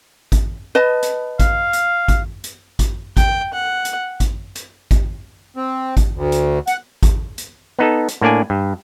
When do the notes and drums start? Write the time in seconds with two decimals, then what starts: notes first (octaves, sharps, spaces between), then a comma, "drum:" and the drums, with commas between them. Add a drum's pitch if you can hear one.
0.32 drum: kick G#1, hi-hat
0.75 B4 D#5 A5
1.03 drum: hi-hat
1.40 F5, drum: kick G#1, hi-hat
1.73 drum: hi-hat
2.08 drum: kick G#1, hi-hat
2.44 drum: hi-hat
2.79 drum: kick G#1, hi-hat
3.17 G5, drum: kick G#1, hi-hat
3.54 F#5
3.85 drum: hi-hat
4.20 drum: kick G#1, hi-hat
4.55 drum: hi-hat
4.91 drum: kick G#1, hi-hat
5.57 C4
5.97 drum: kick G#1, hi-hat
6.15 D2
6.32 drum: hi-hat
6.67 F#5, drum: hi-hat
7.03 drum: kick G#1, hi-hat
7.38 drum: hi-hat
7.79 B3 D#4 A4
8.08 drum: hi-hat
8.21 A2 A#3 D4 D5 G#5
8.50 G2